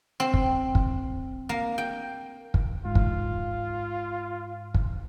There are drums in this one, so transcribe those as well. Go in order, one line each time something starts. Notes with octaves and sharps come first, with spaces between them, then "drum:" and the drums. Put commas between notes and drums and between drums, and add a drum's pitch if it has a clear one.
C4
drum: kick
drum: kick
A#3
G5
drum: kick
G#2 F4
drum: kick
drum: kick